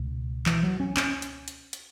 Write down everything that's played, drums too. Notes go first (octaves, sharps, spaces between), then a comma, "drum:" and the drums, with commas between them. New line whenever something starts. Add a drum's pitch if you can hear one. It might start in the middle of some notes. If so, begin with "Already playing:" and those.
Already playing: C#2 B2
E3, drum: clap
F#3
C#4
C#4, drum: clap
drum: hi-hat
drum: hi-hat
drum: hi-hat